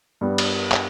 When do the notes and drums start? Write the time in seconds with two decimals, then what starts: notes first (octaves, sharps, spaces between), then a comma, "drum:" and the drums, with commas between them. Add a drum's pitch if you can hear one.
0.21 G2 G3 B3
0.38 drum: cymbal
0.72 drum: clap